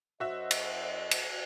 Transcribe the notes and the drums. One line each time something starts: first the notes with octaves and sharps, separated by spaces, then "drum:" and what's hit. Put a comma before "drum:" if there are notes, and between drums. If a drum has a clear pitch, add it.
F#2 F#4 C5 D#5 E5
drum: cymbal
drum: cymbal